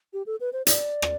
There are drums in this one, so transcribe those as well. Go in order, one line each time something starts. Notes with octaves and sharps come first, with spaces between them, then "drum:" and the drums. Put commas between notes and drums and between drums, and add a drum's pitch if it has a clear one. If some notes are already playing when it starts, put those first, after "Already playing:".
G4
A4
B4
C5
D5, drum: hi-hat
drum: rim click